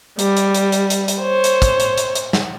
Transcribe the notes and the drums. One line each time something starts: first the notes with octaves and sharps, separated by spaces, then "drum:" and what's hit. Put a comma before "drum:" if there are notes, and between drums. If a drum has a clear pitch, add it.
G3, drum: hi-hat
drum: hi-hat
drum: hi-hat
drum: hi-hat
drum: hi-hat
drum: hi-hat
C5 C#5
drum: hi-hat
drum: kick, hi-hat
drum: hi-hat
drum: hi-hat
drum: hi-hat
drum: snare